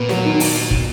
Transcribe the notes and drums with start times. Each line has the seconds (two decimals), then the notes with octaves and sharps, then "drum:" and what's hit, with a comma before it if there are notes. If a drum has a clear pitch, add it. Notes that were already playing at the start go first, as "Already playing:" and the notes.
Already playing: A#2 B3
0.09 F#3, drum: snare
0.25 D#3
0.40 drum: open hi-hat
0.71 drum: kick